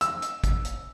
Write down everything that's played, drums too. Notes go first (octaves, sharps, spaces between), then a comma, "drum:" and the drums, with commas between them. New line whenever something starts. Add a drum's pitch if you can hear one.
E6, drum: hi-hat
drum: hi-hat
drum: kick, hi-hat
drum: hi-hat